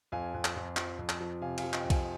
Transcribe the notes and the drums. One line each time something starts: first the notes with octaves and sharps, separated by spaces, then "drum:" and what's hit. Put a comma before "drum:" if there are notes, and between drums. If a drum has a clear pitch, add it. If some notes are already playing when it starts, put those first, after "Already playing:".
F2 F5 G#5
F2
drum: clap
F2
F3, drum: clap
F2
drum: clap
F3
C3 F5 G#5
F5 G#5, drum: cymbal
F3
D#5 G5, drum: clap
F2
F5 G#5, drum: kick B1, cymbal